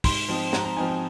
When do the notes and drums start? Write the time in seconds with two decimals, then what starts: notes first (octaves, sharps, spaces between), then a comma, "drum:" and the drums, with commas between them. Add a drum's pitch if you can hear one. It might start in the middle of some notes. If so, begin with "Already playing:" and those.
0.04 G#2 C6, drum: kick, open hi-hat
0.28 F3 C4 D#4
0.53 G#2 A#5, drum: snare
0.65 A#5
0.77 F3 C4 D#4 G#5
0.89 G5